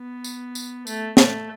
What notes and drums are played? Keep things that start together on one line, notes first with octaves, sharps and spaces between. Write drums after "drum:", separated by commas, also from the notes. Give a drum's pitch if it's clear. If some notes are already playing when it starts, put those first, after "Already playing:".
Already playing: B3
drum: tambourine
drum: tambourine
A3, drum: tambourine
A3, drum: snare